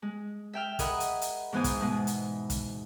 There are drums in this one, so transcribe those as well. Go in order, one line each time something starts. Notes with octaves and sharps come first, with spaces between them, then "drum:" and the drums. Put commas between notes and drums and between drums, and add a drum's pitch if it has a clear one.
G#3
E5 G5 F6
G#4 A#4 D#5 F#5 B5 D#6, drum: kick, hi-hat
drum: hi-hat
drum: hi-hat
G#2 E3 B3 C5 G#5 D#6
drum: kick, hi-hat
B2 G#3
drum: hi-hat
drum: kick, hi-hat